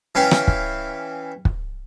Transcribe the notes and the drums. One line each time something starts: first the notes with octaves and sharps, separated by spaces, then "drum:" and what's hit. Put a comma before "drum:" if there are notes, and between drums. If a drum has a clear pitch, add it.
E3 C#4 F5 G5
drum: rim click
drum: kick
drum: kick